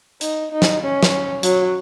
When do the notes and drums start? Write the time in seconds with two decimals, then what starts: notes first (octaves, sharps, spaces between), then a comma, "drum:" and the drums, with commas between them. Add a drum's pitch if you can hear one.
0.21 D#4, drum: hi-hat
0.52 D#4
0.62 drum: snare
0.82 C#4
1.03 drum: snare
1.43 F#3, drum: hi-hat